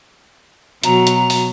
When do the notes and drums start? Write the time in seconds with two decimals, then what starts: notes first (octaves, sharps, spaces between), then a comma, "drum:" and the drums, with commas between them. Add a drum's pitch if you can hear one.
0.83 B2 F#3 A#5, drum: hi-hat
1.07 drum: hi-hat
1.30 drum: open hi-hat